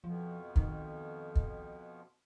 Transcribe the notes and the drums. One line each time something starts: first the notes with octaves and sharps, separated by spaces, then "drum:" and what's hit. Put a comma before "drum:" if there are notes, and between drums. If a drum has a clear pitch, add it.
F2 B2 F3
D#3, drum: kick
drum: kick